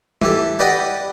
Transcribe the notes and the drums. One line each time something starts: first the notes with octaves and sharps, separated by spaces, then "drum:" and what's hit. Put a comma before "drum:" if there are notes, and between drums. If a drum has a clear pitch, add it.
E3 G4 A4, drum: tom G3
G4 B4 D5 D#5 F#5 G5